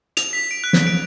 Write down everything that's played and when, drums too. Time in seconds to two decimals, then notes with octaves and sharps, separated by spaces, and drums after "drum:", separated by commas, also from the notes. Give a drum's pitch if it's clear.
0.17 F7, drum: hi-hat
0.33 B6
0.51 D7
0.64 F#6
0.73 drum: snare
0.87 D7